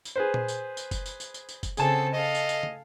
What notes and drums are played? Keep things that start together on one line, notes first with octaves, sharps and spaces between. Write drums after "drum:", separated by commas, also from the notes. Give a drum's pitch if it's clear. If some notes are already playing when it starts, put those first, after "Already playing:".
drum: tambourine
G#4 B4 C5
drum: tom A#2
drum: tambourine
drum: tambourine
drum: kick F#1, tambourine
drum: tambourine
drum: tambourine
drum: tambourine
drum: tambourine
drum: kick F#1, tambourine
C#3 C4 G#4 A4 G#5 A5, drum: tambourine
A4 D#5 F5
drum: tambourine
drum: tambourine
drum: tom